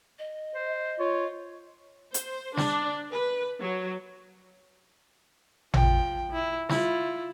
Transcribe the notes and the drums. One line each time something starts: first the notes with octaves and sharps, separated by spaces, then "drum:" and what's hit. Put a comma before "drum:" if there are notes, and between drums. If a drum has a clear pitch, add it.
D#5
C5
F4 C#5
C5, drum: hi-hat
D4, drum: snare
B4
F#3
F3 G5, drum: tom A1
E4
E4 F4, drum: snare